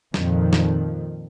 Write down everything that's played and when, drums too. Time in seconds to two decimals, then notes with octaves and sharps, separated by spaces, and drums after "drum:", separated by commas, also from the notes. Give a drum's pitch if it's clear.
0.14 F2 A#2 D#3 F3, drum: snare
0.53 drum: snare